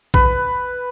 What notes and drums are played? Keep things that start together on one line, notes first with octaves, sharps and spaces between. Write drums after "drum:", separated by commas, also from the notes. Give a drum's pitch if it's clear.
B4, drum: kick A#1